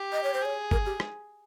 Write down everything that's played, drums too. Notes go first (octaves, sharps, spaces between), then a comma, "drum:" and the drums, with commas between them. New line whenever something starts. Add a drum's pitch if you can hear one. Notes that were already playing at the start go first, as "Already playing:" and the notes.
Already playing: G4
D#5
C#5
C5
G#4 C#5
A#4, drum: kick G1
G4
drum: rim click